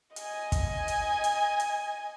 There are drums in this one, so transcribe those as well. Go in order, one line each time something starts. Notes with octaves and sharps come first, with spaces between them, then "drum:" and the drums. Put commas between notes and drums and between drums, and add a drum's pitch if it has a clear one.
D#5 G#5, drum: hi-hat
drum: kick, hi-hat
drum: hi-hat
drum: hi-hat
drum: hi-hat